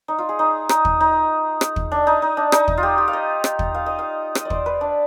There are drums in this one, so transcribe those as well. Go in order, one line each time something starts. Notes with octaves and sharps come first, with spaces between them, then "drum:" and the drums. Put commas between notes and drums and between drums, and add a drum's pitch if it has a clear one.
D#4
F4
G#4
D#4
D#4, drum: rim click
drum: kick
D#4
drum: rim click
drum: kick
D4
D#4
D#4
D4
D#4, drum: rim click
drum: kick
F4
G4
G4
F5
D#5
drum: rim click
drum: kick
F5
D#5
F5
D#5, drum: rim click
D5
C5, drum: kick
B4
D4